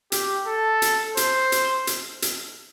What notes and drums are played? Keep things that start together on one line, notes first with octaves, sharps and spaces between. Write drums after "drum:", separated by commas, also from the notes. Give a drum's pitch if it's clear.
G4, drum: hi-hat
A4
drum: hi-hat
C5, drum: hi-hat
drum: hi-hat
drum: hi-hat
drum: hi-hat